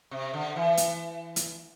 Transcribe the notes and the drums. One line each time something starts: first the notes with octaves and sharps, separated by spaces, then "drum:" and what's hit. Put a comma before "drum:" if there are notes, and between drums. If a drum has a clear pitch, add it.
C3
D3
E3
drum: hi-hat
drum: hi-hat